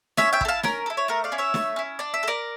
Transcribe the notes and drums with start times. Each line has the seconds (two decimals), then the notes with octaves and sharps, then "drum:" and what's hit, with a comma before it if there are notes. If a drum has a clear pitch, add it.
0.17 C#4 C#5 E5, drum: snare
0.33 E5 G5
0.41 E4 A4, drum: kick
0.48 F5 A5
0.63 C#4 A#4, drum: snare
0.86 E4 A4
0.97 C#5
1.08 A3 A#4
1.24 D5 F5
1.32 C#4 E4
1.38 C#5 E5
1.54 A3, drum: snare
1.76 C#4 E4
1.99 D4 D5
2.14 E5
2.23 A4
2.28 A#4 D5